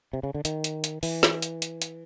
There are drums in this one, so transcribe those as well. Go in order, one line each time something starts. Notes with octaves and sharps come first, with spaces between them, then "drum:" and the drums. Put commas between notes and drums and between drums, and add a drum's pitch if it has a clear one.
C3
C#3
D3
D#3, drum: hi-hat
drum: hi-hat
drum: hi-hat
E3, drum: open hi-hat
drum: snare
drum: hi-hat
drum: hi-hat
drum: hi-hat